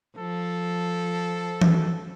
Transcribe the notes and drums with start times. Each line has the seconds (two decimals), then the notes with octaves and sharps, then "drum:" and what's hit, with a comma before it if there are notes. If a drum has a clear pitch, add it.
0.18 F3 A4
1.62 drum: tom E3